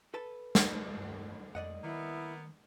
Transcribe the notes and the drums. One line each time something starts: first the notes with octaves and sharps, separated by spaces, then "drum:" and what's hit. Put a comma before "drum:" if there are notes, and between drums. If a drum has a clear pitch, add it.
A4 B4 A5
drum: snare
G2
F2 D5 D#5 F#5
D#3 A#3 B3 E4